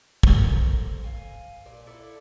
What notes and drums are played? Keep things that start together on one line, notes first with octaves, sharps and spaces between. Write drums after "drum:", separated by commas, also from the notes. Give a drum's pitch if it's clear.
A4 A#4 C5, drum: kick
F5 G#5
A#2 D5
E4 A4 D5